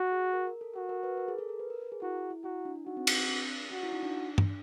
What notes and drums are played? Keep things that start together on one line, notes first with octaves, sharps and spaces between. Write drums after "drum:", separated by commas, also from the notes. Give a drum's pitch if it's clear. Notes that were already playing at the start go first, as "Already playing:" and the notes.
Already playing: F#4
G#4
A#4
A#4
A4
F#4 A#4
A#4
B4
A#4
G#4
A4
A#4
B4
A#4
A#4
G#4
E4 F#4
E4
E4 F#4
D4
D4
D#4 F#4
C4
C4, drum: cymbal
C4
D4
C#4 F#4
E4
D#4
D4
drum: tom G2